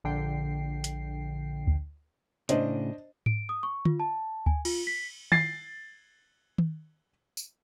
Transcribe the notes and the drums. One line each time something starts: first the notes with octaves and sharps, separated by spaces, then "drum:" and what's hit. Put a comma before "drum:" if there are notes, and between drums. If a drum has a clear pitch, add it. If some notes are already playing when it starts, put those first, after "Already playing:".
A#1 D3 G5 C7
drum: hi-hat
drum: kick D2
A2 C#3 D4 C5 D#5, drum: hi-hat
D7, drum: tom G#2
D#6
C#6
F4, drum: tom D3
A5
G#5, drum: kick D2
F4, drum: cymbal
B6
A6 C7, drum: tom D#3
drum: tom D#3
drum: tambourine